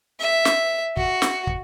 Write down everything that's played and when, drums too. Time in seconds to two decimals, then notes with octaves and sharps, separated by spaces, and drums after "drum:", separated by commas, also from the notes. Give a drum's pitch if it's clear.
0.20 E5
0.45 drum: snare
0.97 F#4, drum: kick
1.22 drum: snare
1.47 drum: kick